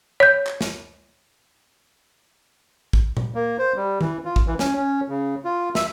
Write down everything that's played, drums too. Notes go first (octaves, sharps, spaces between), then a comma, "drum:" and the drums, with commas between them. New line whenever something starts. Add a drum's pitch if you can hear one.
C#5 G6
drum: clap
drum: snare
drum: kick
drum: tom A#2
A#3
C5
G3
E3, drum: tom D#3
F4
drum: kick
E3
C#4, drum: snare
C#4
C#3
F4
E5, drum: snare